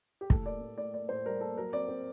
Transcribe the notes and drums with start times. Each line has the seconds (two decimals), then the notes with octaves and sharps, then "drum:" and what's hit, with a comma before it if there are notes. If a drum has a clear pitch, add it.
0.21 G4
0.30 A2 A4, drum: kick
0.45 A#3 D5
0.61 A2
0.78 A2 D5
0.93 A#3 D5
1.09 A2 C5
1.26 G3 A#4
1.41 A#3 A4
1.57 F#3 A#4
1.73 C4 D5
1.89 C4